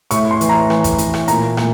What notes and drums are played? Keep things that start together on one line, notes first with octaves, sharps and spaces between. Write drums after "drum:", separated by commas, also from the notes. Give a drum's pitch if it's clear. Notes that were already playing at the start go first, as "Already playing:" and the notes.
A2 C#6, drum: hi-hat
C6
E3, drum: hi-hat
A#5
E3, drum: rim click
drum: kick, hi-hat
E3, drum: hi-hat
drum: rim click
A#2 A#5, drum: hi-hat
A#2, drum: rim click